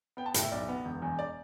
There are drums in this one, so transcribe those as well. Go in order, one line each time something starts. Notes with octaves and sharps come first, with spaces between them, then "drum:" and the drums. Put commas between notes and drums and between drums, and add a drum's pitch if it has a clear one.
B3 G5
A5
A2 G5, drum: hi-hat
E5
B1 D5
B3
E1
E2
D5